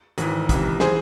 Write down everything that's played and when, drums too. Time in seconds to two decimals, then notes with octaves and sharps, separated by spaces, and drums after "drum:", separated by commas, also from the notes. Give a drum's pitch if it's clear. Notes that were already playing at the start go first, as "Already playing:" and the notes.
0.18 G#1 G#2 E3, drum: hi-hat
0.49 C#2 C3 E3, drum: kick, hi-hat
0.80 E3 G#4 C5, drum: snare